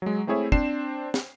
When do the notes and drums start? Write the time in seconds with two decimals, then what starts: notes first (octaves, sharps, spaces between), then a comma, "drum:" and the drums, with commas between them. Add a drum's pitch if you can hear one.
0.02 F#3 G#3
0.27 A3 C4 E4 G#4 C#5 E5
0.52 C4 D4 C5 C7 E7, drum: kick
1.14 drum: snare